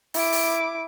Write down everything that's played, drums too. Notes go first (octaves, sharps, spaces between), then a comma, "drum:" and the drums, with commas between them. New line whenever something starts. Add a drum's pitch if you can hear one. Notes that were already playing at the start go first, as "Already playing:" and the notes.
E4 D6, drum: open hi-hat
drum: open hi-hat